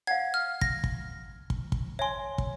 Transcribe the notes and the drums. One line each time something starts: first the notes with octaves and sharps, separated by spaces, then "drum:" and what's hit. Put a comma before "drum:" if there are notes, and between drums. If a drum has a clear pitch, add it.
F5 F#5 G#6
F6
A#6, drum: kick
drum: kick
drum: kick
drum: kick
C#5 E5 G#5 C6
drum: kick